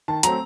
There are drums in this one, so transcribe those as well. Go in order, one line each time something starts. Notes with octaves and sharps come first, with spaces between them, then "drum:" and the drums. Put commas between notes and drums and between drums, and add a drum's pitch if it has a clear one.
D#3 A5
F#3 A3 C4 A#5, drum: hi-hat